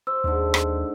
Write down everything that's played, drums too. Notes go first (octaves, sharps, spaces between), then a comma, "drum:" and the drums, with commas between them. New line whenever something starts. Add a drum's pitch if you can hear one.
C5 E6
D#2 G#2 D3
drum: rim click